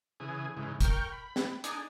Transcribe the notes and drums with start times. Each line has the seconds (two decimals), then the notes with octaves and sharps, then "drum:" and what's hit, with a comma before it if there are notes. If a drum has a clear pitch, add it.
0.20 C#3 E3 G#4
0.57 G#2 C#3 E3
0.80 A#4 G5 C#6, drum: kick, hi-hat
1.12 B5
1.36 drum: snare
1.64 D4 D#4 G#4, drum: hi-hat